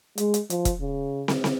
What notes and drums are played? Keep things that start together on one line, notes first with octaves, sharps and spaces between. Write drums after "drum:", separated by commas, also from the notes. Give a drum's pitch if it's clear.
G#3, drum: hi-hat
drum: hi-hat
F3, drum: hi-hat
drum: kick E1, hi-hat
C#3
drum: snare
drum: snare